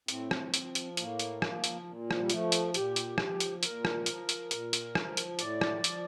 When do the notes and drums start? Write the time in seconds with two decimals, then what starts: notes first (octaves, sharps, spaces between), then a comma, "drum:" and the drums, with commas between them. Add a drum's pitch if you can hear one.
0.08 A2 C4, drum: hi-hat
0.31 drum: rim click
0.54 F3, drum: hi-hat
0.75 drum: hi-hat
0.97 A2 A#3, drum: hi-hat
1.19 drum: hi-hat
1.42 F3, drum: rim click
1.64 drum: hi-hat
1.86 A#2
2.11 F3, drum: rim click
2.20 G3
2.30 F3 A3, drum: hi-hat
2.52 drum: hi-hat
2.74 A#2 G4, drum: hi-hat
2.96 drum: hi-hat
3.18 F3, drum: rim click
3.40 drum: hi-hat
3.63 A#2 A#4, drum: hi-hat
3.85 drum: rim click
4.06 F3, drum: hi-hat
4.29 drum: hi-hat
4.51 A#2, drum: hi-hat
4.73 drum: hi-hat
4.95 F3, drum: rim click
5.17 drum: hi-hat
5.39 A2 D5, drum: hi-hat
5.61 drum: rim click
5.84 F3, drum: hi-hat